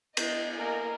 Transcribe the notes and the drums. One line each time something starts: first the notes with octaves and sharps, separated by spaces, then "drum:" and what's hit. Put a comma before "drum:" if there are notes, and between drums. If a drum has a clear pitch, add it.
D#5, drum: cymbal
A#3 A#4 D#5 G#5